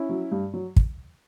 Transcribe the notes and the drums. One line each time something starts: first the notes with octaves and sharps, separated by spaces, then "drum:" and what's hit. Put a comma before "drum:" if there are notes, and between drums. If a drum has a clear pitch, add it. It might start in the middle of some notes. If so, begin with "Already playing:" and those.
Already playing: C#4 E4
F#3
G2
F#3
drum: kick